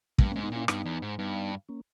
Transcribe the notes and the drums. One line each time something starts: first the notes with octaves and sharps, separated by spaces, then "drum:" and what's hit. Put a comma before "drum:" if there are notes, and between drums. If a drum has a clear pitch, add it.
G2 G3 A#3, drum: kick
A#3 C#4
G#2
B3 D#4
A#2 C#4 E4
G2 B3 D#4, drum: rim click
E2
G#2
G2 B3 D#4
A#3 C#4